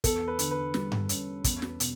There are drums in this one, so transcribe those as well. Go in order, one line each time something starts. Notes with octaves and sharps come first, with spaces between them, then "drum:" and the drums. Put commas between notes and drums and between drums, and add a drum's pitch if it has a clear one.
E2 A4, drum: kick, hi-hat
B4
D3, drum: hi-hat
B4
G3, drum: snare
drum: tom G2
C#4, drum: hi-hat
E2, drum: kick, hi-hat
drum: snare
B2, drum: hi-hat